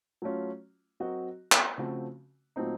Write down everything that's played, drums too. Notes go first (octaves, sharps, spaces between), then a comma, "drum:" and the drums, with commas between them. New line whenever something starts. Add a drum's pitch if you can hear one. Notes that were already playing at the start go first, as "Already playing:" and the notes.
F#3 A3 C#4 F4
F#3 C4 F#4 A#4 D#5
drum: clap
C#3 F3 A3 C4 F#4
A#2 F#3 A3 C4 D#4